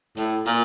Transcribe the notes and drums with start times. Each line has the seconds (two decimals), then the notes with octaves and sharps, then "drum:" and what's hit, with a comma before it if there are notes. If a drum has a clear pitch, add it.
0.17 A2, drum: tambourine
0.46 A#2, drum: tambourine